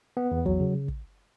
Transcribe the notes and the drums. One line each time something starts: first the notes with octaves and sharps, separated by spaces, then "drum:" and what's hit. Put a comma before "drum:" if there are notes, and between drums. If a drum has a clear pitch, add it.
B3
E2
F#3, drum: kick
C#3
drum: kick